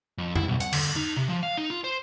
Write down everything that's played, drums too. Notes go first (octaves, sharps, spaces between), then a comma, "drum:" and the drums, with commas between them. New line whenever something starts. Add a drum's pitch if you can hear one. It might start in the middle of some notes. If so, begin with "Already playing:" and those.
F2
E4, drum: tom F2
B1
F#5, drum: hi-hat
D3, drum: cymbal
D#4
C3
F3
F5
D#4
F4
C5